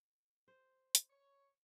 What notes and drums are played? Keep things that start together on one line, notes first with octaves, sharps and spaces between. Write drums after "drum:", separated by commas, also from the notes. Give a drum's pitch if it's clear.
C5
drum: hi-hat
C#5